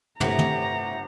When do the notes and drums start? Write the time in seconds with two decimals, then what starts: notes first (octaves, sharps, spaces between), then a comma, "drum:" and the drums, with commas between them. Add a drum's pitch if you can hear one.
0.20 G1 A2 C3 G4 F#5 A#5, drum: tom
0.39 drum: tom